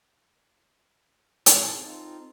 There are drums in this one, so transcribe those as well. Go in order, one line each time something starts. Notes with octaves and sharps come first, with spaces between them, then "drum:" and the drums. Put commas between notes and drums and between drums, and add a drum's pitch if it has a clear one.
A#2 D#4 A4, drum: hi-hat
F2 G#4 A5
C4 D#4 F4